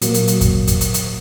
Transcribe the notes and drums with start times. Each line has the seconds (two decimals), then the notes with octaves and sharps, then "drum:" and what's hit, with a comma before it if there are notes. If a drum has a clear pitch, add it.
0.02 A#2 F#3 A#3, drum: hi-hat
0.14 drum: hi-hat
0.28 drum: hi-hat
0.41 drum: kick, hi-hat
0.67 drum: kick, hi-hat
0.81 drum: hi-hat
0.94 drum: hi-hat